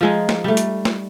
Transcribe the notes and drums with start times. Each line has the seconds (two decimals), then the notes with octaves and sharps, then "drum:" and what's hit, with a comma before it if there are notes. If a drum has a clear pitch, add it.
0.01 F3 G#3 D#4
0.29 drum: snare
0.44 G3 A3
0.57 drum: hi-hat
0.85 drum: snare